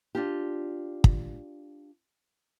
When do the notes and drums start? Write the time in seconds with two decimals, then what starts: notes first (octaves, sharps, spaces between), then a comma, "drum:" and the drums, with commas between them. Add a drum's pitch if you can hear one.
0.15 D4 F4 G4
1.04 drum: kick